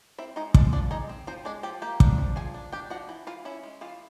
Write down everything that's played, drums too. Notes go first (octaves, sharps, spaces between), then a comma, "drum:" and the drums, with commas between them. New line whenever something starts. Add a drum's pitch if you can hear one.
C4 E4 E5
G#3 D#4 D#5
G#3 D4 D5, drum: kick
F3 D4 D5
G#3 D#4 D#5
C4
F3 C4 C5
G#3 D4 D5
F3 G4 G5
A#3 G4 G5
D4, drum: kick
F3
F3 G#4 G#5
D4
D4 G4 G5
F3 F#4 F#5
E3
E3 F4 F5
C#4 E4 E5
G#3
E3 F4 F5